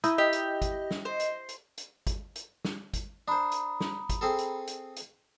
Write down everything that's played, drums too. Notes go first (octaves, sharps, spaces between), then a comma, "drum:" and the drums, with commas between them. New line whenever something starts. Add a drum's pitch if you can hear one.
E4 A#5 D#6 G6, drum: hi-hat
G4 D#5
drum: hi-hat
drum: kick G#1, hi-hat
drum: snare
C5
drum: hi-hat
drum: hi-hat
drum: hi-hat
drum: kick G#1, hi-hat
drum: hi-hat
drum: snare
drum: kick G#1, hi-hat
D4 C5 A#5 B5 D#6
drum: hi-hat
drum: snare
drum: kick G#1, hi-hat
C4 G#4 A4
drum: hi-hat
drum: hi-hat
drum: hi-hat